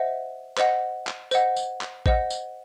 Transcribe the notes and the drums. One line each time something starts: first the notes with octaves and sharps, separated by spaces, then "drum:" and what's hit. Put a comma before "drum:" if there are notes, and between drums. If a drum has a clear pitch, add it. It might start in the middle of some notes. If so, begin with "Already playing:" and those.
Already playing: C5 D#5 E5 F#5
C5 D#5 F#5, drum: clap
drum: clap
C5 D#5 F#5, drum: tambourine
drum: tambourine
drum: clap
C5 D#5 F#5, drum: kick
drum: tambourine